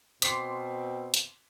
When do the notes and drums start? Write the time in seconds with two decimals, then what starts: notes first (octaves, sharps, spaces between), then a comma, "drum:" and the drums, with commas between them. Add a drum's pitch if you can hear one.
0.22 B2 C4 C6 D6 B6 C7, drum: hi-hat
1.14 drum: hi-hat